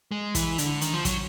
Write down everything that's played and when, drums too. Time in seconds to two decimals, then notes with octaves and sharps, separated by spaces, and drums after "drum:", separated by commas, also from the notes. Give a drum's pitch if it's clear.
0.11 G#3
0.35 E3, drum: kick, hi-hat
0.58 D3, drum: hi-hat
0.81 D#3, drum: hi-hat
0.93 F3
1.05 F#3, drum: kick, hi-hat